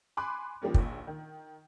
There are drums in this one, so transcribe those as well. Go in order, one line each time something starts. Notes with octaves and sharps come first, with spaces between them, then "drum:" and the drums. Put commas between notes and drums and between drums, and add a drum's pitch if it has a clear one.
G#5 B5 C6 D6 F#6
D#3 F3 G3 A#3 C#4
A#1 D#2, drum: kick
D#3